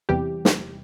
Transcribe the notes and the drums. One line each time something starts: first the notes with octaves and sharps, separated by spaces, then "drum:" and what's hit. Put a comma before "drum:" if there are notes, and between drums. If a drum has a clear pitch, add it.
E2 C3 E3 G3 G4
drum: snare